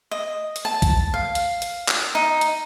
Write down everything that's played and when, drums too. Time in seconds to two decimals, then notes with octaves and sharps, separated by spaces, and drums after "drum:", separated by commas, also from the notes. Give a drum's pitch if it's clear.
0.11 D#5
0.56 drum: hi-hat
0.65 A5
0.82 drum: kick, hi-hat
1.14 F5
1.35 drum: hi-hat
1.62 drum: hi-hat
1.88 drum: clap
2.15 D#4
2.41 drum: hi-hat